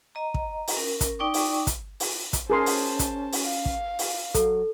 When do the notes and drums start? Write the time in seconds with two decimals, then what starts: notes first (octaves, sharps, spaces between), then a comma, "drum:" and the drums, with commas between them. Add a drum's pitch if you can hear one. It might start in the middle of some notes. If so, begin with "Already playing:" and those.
0.15 D#5 A#5
0.34 drum: kick
0.68 drum: open hi-hat
0.77 C#4 A#4
1.01 drum: kick, hi-hat
1.19 D#4 D5 G5 C#6 D6
1.34 drum: open hi-hat
1.67 drum: kick, hi-hat
2.00 drum: open hi-hat
2.33 drum: kick, hi-hat
2.50 C#4 G#4 A#4 C5 A5 C6
2.66 drum: open hi-hat
2.99 drum: kick, hi-hat
3.32 drum: open hi-hat
3.44 F5
3.66 drum: kick
3.99 drum: open hi-hat
4.35 F#3 A4, drum: kick, hi-hat